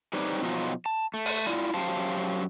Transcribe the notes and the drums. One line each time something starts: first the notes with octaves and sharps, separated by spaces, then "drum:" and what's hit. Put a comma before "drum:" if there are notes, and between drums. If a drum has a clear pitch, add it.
G3 C4 D#4 B4 C#5 D5
B2 F3 F#3 C#4 D#4 F4
A5
A3
drum: open hi-hat
E4 F4 D5
F#2 F#3 G4 C5 F5 A5